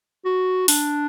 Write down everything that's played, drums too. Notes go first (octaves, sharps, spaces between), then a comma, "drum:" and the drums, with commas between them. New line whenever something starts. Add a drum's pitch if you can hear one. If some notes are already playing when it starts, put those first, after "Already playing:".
F#4
D4, drum: open hi-hat